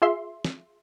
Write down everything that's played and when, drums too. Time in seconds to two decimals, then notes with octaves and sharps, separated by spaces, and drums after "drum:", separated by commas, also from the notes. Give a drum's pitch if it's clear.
0.02 F4 G#4 E5 C6
0.45 drum: snare